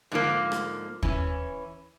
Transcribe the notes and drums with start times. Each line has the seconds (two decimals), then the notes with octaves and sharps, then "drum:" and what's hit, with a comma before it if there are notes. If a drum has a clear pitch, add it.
0.12 G#2 D3 F3 A#3
0.52 drum: rim click
1.03 E3 C#4, drum: kick